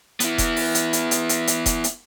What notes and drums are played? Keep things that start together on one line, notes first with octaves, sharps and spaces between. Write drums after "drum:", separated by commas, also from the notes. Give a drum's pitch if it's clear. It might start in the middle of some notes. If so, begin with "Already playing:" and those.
B3 E4, drum: hi-hat
drum: kick E1, hi-hat
drum: open hi-hat
drum: hi-hat
drum: hi-hat
drum: hi-hat
drum: hi-hat
drum: hi-hat
drum: kick E1, hi-hat
drum: hi-hat